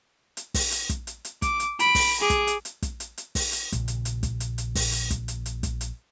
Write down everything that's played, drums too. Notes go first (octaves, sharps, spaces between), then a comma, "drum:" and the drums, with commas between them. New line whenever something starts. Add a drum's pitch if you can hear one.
drum: hi-hat
drum: kick, open hi-hat
drum: hi-hat
drum: kick, hi-hat
drum: hi-hat
drum: hi-hat
D6, drum: kick, hi-hat
drum: hi-hat
B5 D7, drum: hi-hat
drum: kick, open hi-hat
G#4 D6
drum: kick, hi-hat
drum: hi-hat
drum: hi-hat
drum: kick, hi-hat
drum: hi-hat
drum: hi-hat
drum: kick, open hi-hat
drum: hi-hat
A#1 A#2 C#3, drum: kick, hi-hat
drum: hi-hat
drum: hi-hat
drum: kick, hi-hat
drum: hi-hat
drum: hi-hat
drum: kick, open hi-hat
drum: hi-hat
drum: kick, hi-hat
drum: hi-hat
drum: hi-hat
drum: kick, hi-hat
drum: hi-hat